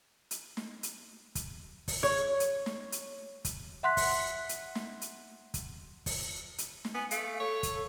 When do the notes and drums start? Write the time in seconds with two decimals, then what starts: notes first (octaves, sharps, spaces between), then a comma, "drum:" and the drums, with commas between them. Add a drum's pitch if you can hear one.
0.31 drum: hi-hat
0.57 drum: snare
0.83 drum: hi-hat
1.35 drum: kick, hi-hat
1.88 drum: kick, open hi-hat
2.03 C#5
2.40 drum: hi-hat
2.66 drum: snare
2.92 drum: hi-hat
3.45 drum: kick, hi-hat
3.83 E5 F#5 C6 F#6 B6
3.97 drum: kick, open hi-hat
4.49 drum: hi-hat
4.75 drum: snare
5.01 drum: hi-hat
5.54 drum: kick, hi-hat
6.06 drum: kick, open hi-hat
6.58 drum: hi-hat
6.85 drum: snare
6.94 B3 G#5
7.11 A3 F5, drum: hi-hat
7.40 A4 C#5
7.63 drum: kick, hi-hat